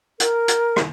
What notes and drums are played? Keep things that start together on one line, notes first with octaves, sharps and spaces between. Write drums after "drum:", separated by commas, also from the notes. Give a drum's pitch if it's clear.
A#4, drum: hi-hat
drum: hi-hat
drum: rim click